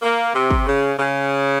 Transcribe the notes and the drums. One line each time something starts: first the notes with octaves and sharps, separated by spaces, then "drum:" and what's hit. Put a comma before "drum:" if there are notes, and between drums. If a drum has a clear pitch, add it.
A#3
C3
drum: kick
C#3
C#3